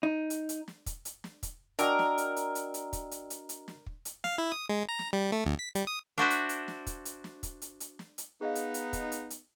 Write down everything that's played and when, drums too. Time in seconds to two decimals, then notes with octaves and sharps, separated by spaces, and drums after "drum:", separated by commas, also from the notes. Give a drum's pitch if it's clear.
0.03 D#4
0.30 drum: hi-hat
0.49 drum: hi-hat
0.68 drum: snare
0.86 drum: kick, hi-hat
1.05 drum: hi-hat
1.24 drum: snare
1.43 drum: kick, hi-hat
1.79 D4 F#4 A#4 D5 D#5 G5 E6, drum: hi-hat
1.99 drum: snare
2.18 drum: hi-hat
2.36 drum: hi-hat
2.55 drum: hi-hat
2.74 drum: hi-hat
2.93 drum: kick, hi-hat
3.11 drum: hi-hat
3.30 drum: hi-hat
3.49 drum: hi-hat
3.68 drum: snare
3.86 drum: kick
4.05 drum: hi-hat
4.24 F5, drum: snare
4.38 E4
4.52 D#6
4.69 G#3
4.89 A#5
4.99 drum: snare
5.13 G3
5.32 A3
5.46 D2
5.59 B6
5.75 G3, drum: hi-hat
5.87 D#6
6.18 D4 F#4 C5 E5
6.30 drum: hi-hat
6.49 drum: hi-hat
6.68 drum: snare
6.87 drum: kick, hi-hat
7.05 drum: hi-hat
7.24 drum: snare
7.43 drum: kick, hi-hat
7.62 drum: hi-hat
7.80 drum: hi-hat
7.99 drum: snare
8.18 drum: hi-hat
8.41 B3 D#4 G#4 D#5 F5
8.55 drum: hi-hat
8.74 drum: hi-hat
8.93 drum: kick, hi-hat
9.12 drum: hi-hat
9.30 drum: hi-hat